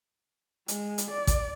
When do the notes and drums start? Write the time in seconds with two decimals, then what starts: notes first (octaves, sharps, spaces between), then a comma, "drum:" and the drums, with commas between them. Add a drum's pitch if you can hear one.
0.68 G#3, drum: hi-hat
0.98 drum: hi-hat
1.11 D5
1.27 drum: kick A1, hi-hat